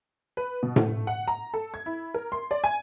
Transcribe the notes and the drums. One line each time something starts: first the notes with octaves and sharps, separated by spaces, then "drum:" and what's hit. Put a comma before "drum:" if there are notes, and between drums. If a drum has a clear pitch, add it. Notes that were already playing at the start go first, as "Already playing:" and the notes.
B4
B2
A3, drum: tom A2
F#5
A#5
A4
G#6
E4
A#4
C6
D5
G#5